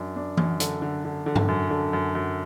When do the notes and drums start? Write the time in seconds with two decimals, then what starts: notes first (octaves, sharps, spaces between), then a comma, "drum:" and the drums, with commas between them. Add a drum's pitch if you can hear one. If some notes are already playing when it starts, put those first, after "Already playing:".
Already playing: F#2 D4
0.16 D4
0.37 F#2, drum: tom E3
0.60 D3, drum: hi-hat
0.82 D3
1.05 D3
1.26 D3
1.35 drum: tom G2
1.48 F#2
1.70 D3
1.93 F#2
2.15 F#2